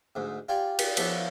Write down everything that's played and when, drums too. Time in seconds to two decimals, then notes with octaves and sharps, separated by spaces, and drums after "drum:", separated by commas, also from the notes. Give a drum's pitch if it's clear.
0.15 D2 G#2
0.49 F4 G4 D5 G#5
0.79 drum: cymbal
0.97 F3 B3 D4 E4 C#5, drum: cymbal